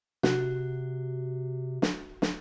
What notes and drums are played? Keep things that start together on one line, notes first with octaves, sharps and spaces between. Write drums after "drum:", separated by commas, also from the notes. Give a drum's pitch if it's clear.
C3 F#4, drum: snare
drum: snare
drum: snare